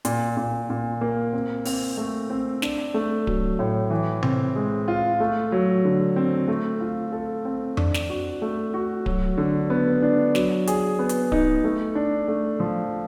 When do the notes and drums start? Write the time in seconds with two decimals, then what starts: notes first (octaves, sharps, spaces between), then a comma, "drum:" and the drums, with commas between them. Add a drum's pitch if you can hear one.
0.05 A#2, drum: hi-hat
0.37 A#2
0.70 A#2
1.01 A#3
1.33 C4
1.65 C4, drum: open hi-hat
1.97 A3
2.30 C4
2.62 D4, drum: snare
2.94 A3
3.27 F#3, drum: kick D1
3.59 A2
3.90 E3
4.23 C4, drum: tom C3
4.55 G#3
4.88 F4
5.20 A3
5.52 F#3
5.85 D3
6.16 C4
6.48 A3
6.81 F4
7.13 A4
7.45 C4
7.77 D4, drum: tom F2
7.94 drum: snare
8.10 F#4
8.42 A3
8.74 F#4
9.06 F#3, drum: kick D1
9.38 D3
9.70 B3
10.02 D4
10.35 F#3, drum: snare
10.67 G#4, drum: hi-hat
10.99 B3
11.09 drum: hi-hat
11.32 D#4, drum: kick D1
11.64 A3
11.95 D4
12.28 A3
12.60 F3